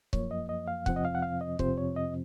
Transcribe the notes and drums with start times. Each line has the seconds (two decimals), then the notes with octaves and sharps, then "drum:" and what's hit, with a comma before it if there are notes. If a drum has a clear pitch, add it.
0.13 F#2 F3 A#3 C#5, drum: kick C#1
0.31 D#5
0.49 D#5
0.68 F5
0.86 F2 C3 F3 C4 F#5, drum: kick C#1
0.96 D#5
1.05 F5
1.15 F#5
1.22 F5
1.41 D#5
1.59 F2 C3 F3 C4 C5, drum: kick C#1
1.78 C#5
1.96 D#5